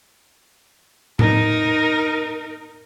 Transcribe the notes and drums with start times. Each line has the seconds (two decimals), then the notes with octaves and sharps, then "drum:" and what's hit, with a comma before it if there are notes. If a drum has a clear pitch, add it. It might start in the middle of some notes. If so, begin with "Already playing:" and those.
1.19 D#4 A#4, drum: tom A2